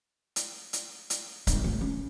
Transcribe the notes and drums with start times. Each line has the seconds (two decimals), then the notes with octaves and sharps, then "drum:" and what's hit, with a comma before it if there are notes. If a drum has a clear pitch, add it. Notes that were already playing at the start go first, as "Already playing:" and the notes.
0.36 drum: hi-hat
0.73 drum: hi-hat
1.10 drum: hi-hat
1.47 G1, drum: kick C#1, hi-hat
1.64 A1
1.81 C#4